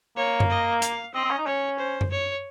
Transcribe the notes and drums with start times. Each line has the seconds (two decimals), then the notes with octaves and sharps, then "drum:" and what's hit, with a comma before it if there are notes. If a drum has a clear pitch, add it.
0.17 A#3 C#5
0.40 drum: tom F#2
0.50 D#5
0.82 F5, drum: hi-hat
1.14 C4 D#5
1.24 C4
1.30 C#4
1.38 D#4
1.47 C#4 C#5
1.79 C5
2.01 drum: tom F#2
2.11 C#5